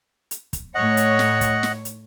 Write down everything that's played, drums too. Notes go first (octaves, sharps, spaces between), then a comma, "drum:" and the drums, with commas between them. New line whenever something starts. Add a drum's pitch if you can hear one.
drum: hi-hat
drum: kick, hi-hat
A2 C#5 D#5 F#5
drum: hi-hat
drum: snare
drum: kick, hi-hat
drum: snare
drum: hi-hat